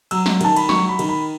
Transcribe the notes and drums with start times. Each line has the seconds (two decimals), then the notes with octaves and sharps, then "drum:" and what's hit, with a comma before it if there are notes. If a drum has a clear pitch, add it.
0.11 F#3 E6, drum: cymbal
0.26 drum: snare
0.41 D#3 A5, drum: cymbal
0.56 B5, drum: cymbal
0.69 F#3 C#6, drum: snare
0.89 B5
0.99 D#3, drum: cymbal
1.09 B5